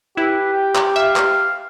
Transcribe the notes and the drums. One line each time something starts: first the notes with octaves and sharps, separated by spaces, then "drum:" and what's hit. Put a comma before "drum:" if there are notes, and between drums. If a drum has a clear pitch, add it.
E4 G4 B4
G5
drum: clap
E5 F5
drum: clap